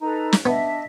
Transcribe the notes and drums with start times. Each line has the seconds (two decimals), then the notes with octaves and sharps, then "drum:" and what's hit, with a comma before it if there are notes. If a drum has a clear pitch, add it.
0.02 D#4 A4 B4 A#5
0.33 drum: snare
0.46 B3 D4 D#5 E5